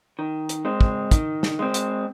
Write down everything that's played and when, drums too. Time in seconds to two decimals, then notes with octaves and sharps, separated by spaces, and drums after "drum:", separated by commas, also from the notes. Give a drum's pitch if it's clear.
0.19 D#3
0.49 drum: hi-hat
0.65 G#3 C4
0.81 drum: kick
1.11 D#3, drum: kick, hi-hat
1.43 drum: snare
1.59 G#3 C4
1.74 drum: hi-hat